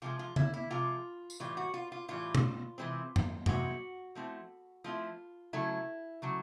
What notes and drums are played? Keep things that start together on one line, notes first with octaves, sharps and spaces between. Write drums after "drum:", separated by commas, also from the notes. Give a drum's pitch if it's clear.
C3 F3 G#3 F4
F4
E4, drum: tom C#3
E4
C3 F3 G#3 F4
drum: tambourine
A2 E3 G3 F4
F#4
F4
F4
A2 E3 G3 F4
drum: tom
C3 E3 G#3 C4
drum: tom F#2
C3 E3 G#3 C4 F#4, drum: tom F#2
F3 A3 C4 E4
F3 A3 C4 E4 F4
C#3 F#3 A3 E4
C#3 F#3 A3